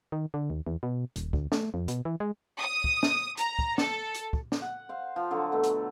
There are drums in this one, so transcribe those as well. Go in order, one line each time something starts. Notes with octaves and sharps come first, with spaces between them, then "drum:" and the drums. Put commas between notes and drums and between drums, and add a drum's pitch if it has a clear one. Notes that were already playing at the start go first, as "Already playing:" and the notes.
D#3
D3
D#2
E2
B2
D#1, drum: hi-hat
D2, drum: kick
A3, drum: snare
F2
B2, drum: hi-hat
E3
G#3
D#6
drum: kick
drum: snare
A#5, drum: hi-hat
drum: kick
A4, drum: snare
drum: hi-hat
drum: kick
drum: snare
F#5
C5 F5
F3
D3 F#3
B2 A3
drum: hi-hat